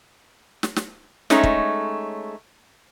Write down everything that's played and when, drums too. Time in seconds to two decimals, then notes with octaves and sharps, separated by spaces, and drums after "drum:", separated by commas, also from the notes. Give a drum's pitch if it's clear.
0.63 drum: snare
0.76 drum: snare
1.30 G#3 A3 C#4 D#4 C#5, drum: snare
1.43 drum: kick